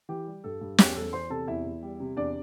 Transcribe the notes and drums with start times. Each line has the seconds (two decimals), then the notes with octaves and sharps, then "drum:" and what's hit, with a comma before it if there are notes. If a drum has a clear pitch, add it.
0.09 E3 G4
0.27 G3
0.44 G2 A4
0.61 G2
0.78 E2 G4, drum: snare
0.96 E2 A4
1.13 E2 C5 C6
1.30 C3 A4 A5
1.47 E2 E4 E5
1.65 E2
1.82 G3
2.00 C3
2.17 E2 D4 D5